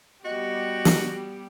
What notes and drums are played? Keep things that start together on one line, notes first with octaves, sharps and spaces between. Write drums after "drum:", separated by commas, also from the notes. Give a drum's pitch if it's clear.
G3 B3 F#4 G4 D#5
drum: snare